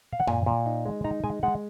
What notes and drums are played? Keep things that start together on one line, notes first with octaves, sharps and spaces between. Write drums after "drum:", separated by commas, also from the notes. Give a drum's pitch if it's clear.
F5
F#5
A#2 G#5, drum: tom F#2
A#2
D#4
G#3
D#4 A#5
G#3 G#5
G#3 F#5